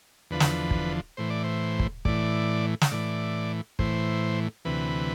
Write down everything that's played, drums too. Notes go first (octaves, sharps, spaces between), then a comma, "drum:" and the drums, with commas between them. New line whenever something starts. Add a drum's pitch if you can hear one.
E2 D3 F3 B4
drum: snare
drum: kick
A2 E3 C5
D5
C5
drum: kick
A2 E3 D5, drum: kick
drum: snare
A2 E3 D5
A2 E3 C5, drum: kick
D2 C3 E3 B4